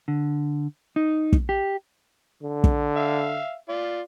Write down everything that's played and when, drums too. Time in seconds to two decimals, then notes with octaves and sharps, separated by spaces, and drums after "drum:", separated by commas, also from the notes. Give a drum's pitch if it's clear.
0.08 D3
0.96 D#4
1.33 drum: kick
1.49 G4
2.43 D3
2.64 drum: kick
2.96 E5 F5
3.69 F4 D5